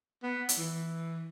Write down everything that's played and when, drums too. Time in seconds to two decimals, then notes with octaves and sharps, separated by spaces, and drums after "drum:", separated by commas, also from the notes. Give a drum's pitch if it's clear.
0.23 B3
0.49 drum: hi-hat
0.58 E3